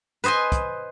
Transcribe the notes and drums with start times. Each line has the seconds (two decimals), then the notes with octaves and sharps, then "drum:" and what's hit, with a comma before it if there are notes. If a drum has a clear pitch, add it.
0.24 B4 C5 D#5 G#5 C6
0.52 drum: kick, hi-hat